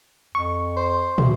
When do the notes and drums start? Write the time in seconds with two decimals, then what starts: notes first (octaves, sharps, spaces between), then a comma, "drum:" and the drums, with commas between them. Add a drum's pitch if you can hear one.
0.35 F2 C#6
0.77 C5
1.18 D2, drum: tom